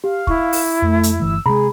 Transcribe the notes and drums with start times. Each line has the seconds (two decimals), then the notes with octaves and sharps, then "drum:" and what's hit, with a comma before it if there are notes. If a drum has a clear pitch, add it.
0.04 G4 F5
0.27 E4 C#6, drum: kick
0.53 drum: open hi-hat
0.82 F2 A3
1.03 drum: hi-hat
1.20 G1 E3 A3 E6
1.46 C3 G#3 G#4 A#5 B5